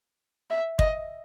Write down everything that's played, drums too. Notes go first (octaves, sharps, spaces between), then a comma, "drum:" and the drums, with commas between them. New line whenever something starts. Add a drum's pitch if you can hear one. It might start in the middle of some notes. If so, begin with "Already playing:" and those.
E5
D#5, drum: kick